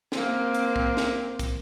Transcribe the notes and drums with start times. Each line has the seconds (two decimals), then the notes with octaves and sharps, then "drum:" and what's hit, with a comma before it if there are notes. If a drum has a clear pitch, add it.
0.12 A#3 C4, drum: snare
0.54 drum: hi-hat
0.76 drum: kick
0.97 drum: snare
1.39 drum: kick, hi-hat